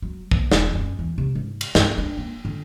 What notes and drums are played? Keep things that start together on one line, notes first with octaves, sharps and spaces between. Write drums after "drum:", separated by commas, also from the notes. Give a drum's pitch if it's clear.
F#3
A#3, drum: kick
E1, drum: snare
F#2
E2
C3
G#2
drum: cymbal
G2, drum: snare
D4
A#3
D3